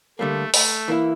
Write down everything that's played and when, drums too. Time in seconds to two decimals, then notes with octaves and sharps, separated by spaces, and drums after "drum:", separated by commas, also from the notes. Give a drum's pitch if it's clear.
0.19 D3 G3 A3 A#3
0.54 A3, drum: open hi-hat
0.88 E3 A#3 E4